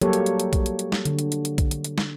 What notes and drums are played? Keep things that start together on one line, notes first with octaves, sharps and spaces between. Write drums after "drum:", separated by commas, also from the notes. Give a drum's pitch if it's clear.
F#3 G3 A#3 G4 A4 C#5, drum: hi-hat
drum: hi-hat
drum: hi-hat
drum: hi-hat
drum: kick A#1, hi-hat
drum: hi-hat
drum: hi-hat
drum: snare
D3, drum: hi-hat
drum: hi-hat
drum: hi-hat
drum: hi-hat
drum: kick A#1, hi-hat
drum: hi-hat
drum: hi-hat
drum: snare